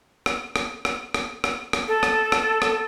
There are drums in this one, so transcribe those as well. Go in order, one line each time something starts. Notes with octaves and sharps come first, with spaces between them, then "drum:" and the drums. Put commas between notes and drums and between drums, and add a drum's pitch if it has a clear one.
drum: rim click
drum: rim click
drum: rim click
drum: rim click
drum: rim click
drum: rim click
A4
drum: rim click
drum: rim click
drum: rim click